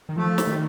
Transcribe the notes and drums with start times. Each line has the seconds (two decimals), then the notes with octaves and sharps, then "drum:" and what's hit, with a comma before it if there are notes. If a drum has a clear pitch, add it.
0.09 D#3
0.16 F3 A3
0.38 drum: snare
0.47 D#3